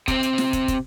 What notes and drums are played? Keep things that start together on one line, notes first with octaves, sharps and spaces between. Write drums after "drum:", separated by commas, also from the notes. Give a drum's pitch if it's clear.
C3 C4, drum: kick, hi-hat
drum: hi-hat
drum: snare
drum: kick, hi-hat
drum: kick, hi-hat